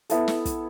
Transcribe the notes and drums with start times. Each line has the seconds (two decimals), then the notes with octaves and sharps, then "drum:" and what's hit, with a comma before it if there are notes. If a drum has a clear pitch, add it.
0.10 B3 E4 A4, drum: hi-hat
0.28 drum: snare
0.45 drum: kick, hi-hat